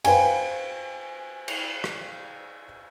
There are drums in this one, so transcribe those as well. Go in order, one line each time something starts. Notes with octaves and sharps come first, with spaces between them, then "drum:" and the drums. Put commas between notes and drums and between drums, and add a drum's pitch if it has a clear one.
B4 C5 F5 G5 G#5, drum: cymbal
drum: cymbal
drum: rim click